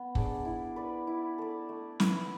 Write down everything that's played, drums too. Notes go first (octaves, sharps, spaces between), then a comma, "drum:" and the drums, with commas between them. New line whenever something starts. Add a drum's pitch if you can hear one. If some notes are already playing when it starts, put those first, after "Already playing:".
Already playing: B3
D4 G#4 D5, drum: kick
E4
B4 D5
E4
A4 D5
A3
E4 B4, drum: snare